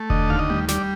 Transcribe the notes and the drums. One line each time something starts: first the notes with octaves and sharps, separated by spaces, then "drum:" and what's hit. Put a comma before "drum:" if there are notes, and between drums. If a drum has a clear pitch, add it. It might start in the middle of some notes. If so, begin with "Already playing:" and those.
Already playing: A3
D3 D#5, drum: kick E1
D#2 F5
D#5
G3, drum: tom A3
G3 D5, drum: snare